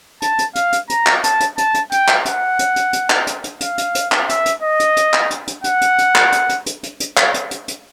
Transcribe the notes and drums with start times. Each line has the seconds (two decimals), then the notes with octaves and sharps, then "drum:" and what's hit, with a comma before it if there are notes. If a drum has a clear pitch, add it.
0.22 A5, drum: hi-hat
0.39 drum: hi-hat
0.55 F5, drum: hi-hat
0.72 drum: hi-hat
0.90 A#5, drum: hi-hat
1.06 drum: clap
1.24 A5, drum: hi-hat
1.40 drum: hi-hat
1.58 A5, drum: hi-hat
1.74 drum: hi-hat
1.92 G5, drum: hi-hat
2.08 drum: clap
2.25 F#5, drum: hi-hat
2.59 drum: hi-hat
2.76 drum: hi-hat
2.93 drum: hi-hat
3.10 drum: clap
3.27 drum: hi-hat
3.44 drum: hi-hat
3.61 F5, drum: hi-hat
3.78 drum: hi-hat
3.95 drum: hi-hat
4.12 drum: clap
4.29 E5, drum: hi-hat
4.46 drum: hi-hat
4.62 D#5
4.80 drum: hi-hat
4.97 drum: hi-hat
5.13 drum: clap
5.30 drum: hi-hat
5.47 drum: hi-hat
5.64 F#5, drum: hi-hat
5.81 drum: hi-hat
5.98 drum: hi-hat
6.15 drum: clap
6.32 drum: hi-hat
6.49 drum: hi-hat
6.66 drum: hi-hat
6.83 drum: hi-hat
7.00 drum: hi-hat
7.17 drum: clap
7.34 drum: hi-hat
7.51 drum: hi-hat
7.68 drum: hi-hat